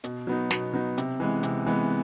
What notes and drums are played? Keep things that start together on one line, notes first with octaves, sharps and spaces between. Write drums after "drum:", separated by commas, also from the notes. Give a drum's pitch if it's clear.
B2, drum: hi-hat
F#3 B3 D#4
B2, drum: snare
F#3 B3 D#4
C3, drum: hi-hat
E3 G#3 B3
C3, drum: hi-hat
E3 G#3 B3